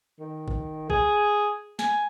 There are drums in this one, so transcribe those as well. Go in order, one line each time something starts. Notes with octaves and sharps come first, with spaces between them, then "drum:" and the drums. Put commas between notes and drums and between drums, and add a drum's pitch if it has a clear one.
D#3
drum: kick G#1
G#4, drum: kick G#1
G#5, drum: snare